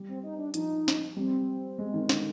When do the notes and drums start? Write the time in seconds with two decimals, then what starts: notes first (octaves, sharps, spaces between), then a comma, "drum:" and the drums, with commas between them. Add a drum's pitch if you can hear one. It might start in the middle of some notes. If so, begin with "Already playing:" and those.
Already playing: G3
0.08 C4
0.24 D#4
0.38 D4
0.54 F3 D#4, drum: hi-hat
0.88 drum: snare
1.17 G3 C4
1.78 G#3
1.94 D#3
2.09 D3, drum: snare